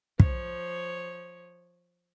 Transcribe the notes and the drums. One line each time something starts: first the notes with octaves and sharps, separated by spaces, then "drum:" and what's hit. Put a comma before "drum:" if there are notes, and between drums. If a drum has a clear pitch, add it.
F3 C#5, drum: kick